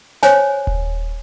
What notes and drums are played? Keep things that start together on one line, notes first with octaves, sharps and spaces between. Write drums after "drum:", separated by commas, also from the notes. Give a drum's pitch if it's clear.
C5 C#5 G#5, drum: snare
drum: kick D#1